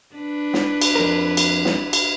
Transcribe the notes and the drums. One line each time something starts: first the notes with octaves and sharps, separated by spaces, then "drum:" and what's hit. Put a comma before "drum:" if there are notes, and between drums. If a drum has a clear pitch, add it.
D4 B4
drum: snare
drum: cymbal
F2 A#4
drum: cymbal
drum: snare
drum: cymbal